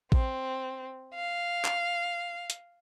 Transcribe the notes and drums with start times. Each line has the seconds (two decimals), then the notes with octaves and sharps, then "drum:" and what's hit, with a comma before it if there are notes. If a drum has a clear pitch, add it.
0.12 C4, drum: kick A1
1.15 F5
1.65 drum: clap
2.50 drum: hi-hat